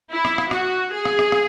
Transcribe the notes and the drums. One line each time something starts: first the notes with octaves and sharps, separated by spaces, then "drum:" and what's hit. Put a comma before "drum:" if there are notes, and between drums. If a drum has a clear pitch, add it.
E4
drum: rim click
drum: rim click
F#4, drum: rim click
G#4
drum: rim click
drum: rim click
drum: rim click